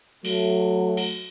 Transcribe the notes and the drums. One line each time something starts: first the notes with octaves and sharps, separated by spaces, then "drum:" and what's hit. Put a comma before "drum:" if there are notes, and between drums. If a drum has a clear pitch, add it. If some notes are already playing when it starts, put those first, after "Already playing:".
F#3 A3, drum: cymbal
drum: cymbal